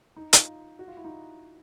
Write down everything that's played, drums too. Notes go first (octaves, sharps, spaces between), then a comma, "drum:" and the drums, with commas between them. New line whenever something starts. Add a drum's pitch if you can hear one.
D#4
D#4 F4, drum: hi-hat
F#4
F4
E4
D#4 F4